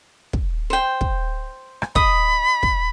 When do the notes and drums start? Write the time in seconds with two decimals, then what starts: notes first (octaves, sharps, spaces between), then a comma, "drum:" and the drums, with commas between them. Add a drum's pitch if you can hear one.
0.33 drum: kick
0.70 C5 G5
1.01 drum: kick
1.82 drum: rim click
1.95 D#5 B5 D#6, drum: kick
2.63 drum: kick